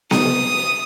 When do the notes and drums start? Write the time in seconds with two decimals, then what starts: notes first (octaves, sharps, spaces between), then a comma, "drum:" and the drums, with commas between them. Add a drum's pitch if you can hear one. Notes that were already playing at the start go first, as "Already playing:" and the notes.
0.11 D#6, drum: snare B3